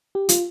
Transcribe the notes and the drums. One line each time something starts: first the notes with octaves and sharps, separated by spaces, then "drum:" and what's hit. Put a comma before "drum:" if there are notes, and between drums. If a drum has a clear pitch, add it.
G4
F4, drum: hi-hat